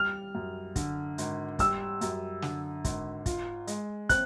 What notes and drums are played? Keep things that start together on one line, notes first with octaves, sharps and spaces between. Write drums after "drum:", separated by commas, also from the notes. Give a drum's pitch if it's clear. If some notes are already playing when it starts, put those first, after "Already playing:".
Already playing: G3 F6
F#2
D3, drum: kick, hi-hat
G#1, drum: hi-hat
G3 E6, drum: kick, hi-hat
F#2, drum: hi-hat
D3, drum: snare
G#1, drum: kick, hi-hat
F4, drum: kick, hi-hat
G#3, drum: hi-hat
C4 F#6, drum: kick, hi-hat